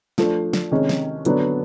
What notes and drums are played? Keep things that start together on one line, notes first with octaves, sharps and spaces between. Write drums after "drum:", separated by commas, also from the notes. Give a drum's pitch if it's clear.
F3 A3 D4, drum: snare
drum: snare
C3 D#3 G#3 C#4
drum: snare
D3 F#3 B3 D4, drum: hi-hat